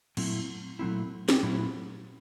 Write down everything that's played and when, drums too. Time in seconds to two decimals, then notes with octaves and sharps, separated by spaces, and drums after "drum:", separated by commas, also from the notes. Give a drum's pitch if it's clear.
0.17 A#2 F#3 A3 C4 E4, drum: cymbal
0.79 A#2 F#3 A3 C4 E4
1.29 drum: snare C4
1.43 A#2 F#3 A3 C4 E4